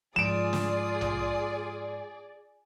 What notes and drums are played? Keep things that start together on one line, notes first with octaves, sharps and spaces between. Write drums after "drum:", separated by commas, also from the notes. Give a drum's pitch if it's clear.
G#2 F3 F4 G#4 D5 D#6 D7 E7
drum: snare
drum: tom A#1